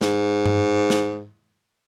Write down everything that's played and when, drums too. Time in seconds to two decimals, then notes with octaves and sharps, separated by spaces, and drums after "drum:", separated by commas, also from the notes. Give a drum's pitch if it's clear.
0.01 G#2, drum: snare
0.46 drum: tom G2
0.90 drum: snare